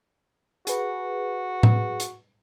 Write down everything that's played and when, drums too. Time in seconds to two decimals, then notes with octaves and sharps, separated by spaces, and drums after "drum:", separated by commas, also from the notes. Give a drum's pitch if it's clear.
0.67 F#4 G#4 B4, drum: hi-hat
1.63 drum: tom A2
2.00 drum: hi-hat